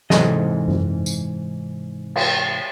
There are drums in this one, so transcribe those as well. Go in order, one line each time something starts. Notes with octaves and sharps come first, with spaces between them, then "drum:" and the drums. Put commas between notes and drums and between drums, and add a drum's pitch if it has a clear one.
G#2 C3 E3 A4 D#5, drum: snare
drum: tom F#2
drum: tambourine
drum: cymbal